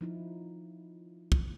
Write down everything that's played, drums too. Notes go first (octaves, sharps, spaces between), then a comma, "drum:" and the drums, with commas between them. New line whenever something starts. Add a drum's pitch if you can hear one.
F3 D#4 E4
drum: kick